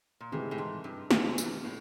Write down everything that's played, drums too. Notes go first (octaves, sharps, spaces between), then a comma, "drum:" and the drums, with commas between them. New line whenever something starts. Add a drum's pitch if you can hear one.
A#2
A2 C3 E3 G#3
A2
G#2
G2
F#2 C3 E3 G#3, drum: snare
G2, drum: tambourine
A2